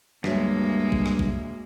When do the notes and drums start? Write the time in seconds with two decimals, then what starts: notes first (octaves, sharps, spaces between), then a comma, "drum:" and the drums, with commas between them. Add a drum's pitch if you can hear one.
0.24 D2 G2 F#3 G#3 A#3, drum: rim click
0.92 drum: kick
1.06 drum: rim click
1.19 drum: kick